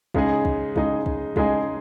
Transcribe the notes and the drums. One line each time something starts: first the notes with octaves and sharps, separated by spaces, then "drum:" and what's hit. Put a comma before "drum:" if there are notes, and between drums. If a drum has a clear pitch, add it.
C#3 G#3 D#4 G#4 D#5, drum: kick
drum: kick
C#3 G#3 D#4 G#4 D#5, drum: kick
drum: kick
C#3 G#3 D#4 G#4 D#5, drum: kick